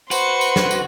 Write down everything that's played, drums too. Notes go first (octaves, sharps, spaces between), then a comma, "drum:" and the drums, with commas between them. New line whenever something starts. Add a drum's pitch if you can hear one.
F#4 B4 C5 C6 C#7, drum: tambourine
drum: tambourine
drum: snare
drum: tambourine